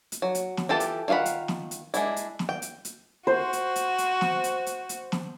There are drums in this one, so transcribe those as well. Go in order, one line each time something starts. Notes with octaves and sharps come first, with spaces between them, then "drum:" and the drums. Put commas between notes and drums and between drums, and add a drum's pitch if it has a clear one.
drum: hi-hat
F#3
drum: hi-hat
drum: snare
E3 F4 G4 A4 A5
drum: hi-hat
D#3 F4 F5 F#5 B5
drum: hi-hat
drum: snare
drum: hi-hat
G#3 D4 E4, drum: hi-hat
drum: hi-hat
drum: snare
G5
drum: hi-hat
drum: hi-hat
F#4 C5
drum: hi-hat
drum: hi-hat
drum: hi-hat
drum: snare
drum: hi-hat
drum: hi-hat
drum: hi-hat
drum: snare